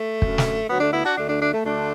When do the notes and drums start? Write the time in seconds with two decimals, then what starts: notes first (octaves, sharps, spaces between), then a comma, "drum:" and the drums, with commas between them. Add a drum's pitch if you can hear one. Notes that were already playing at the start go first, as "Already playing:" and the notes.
Already playing: A3
0.22 F#2 D3, drum: kick
0.38 drum: snare
0.69 D2 D3 F#3 B3
0.80 A3 D4
0.92 B3 E4
1.04 D4 F#4
1.17 D2 D3 A3 D4
1.29 A3 D4
1.41 A3 D4
1.53 A3
1.64 D2 D3 A3 D4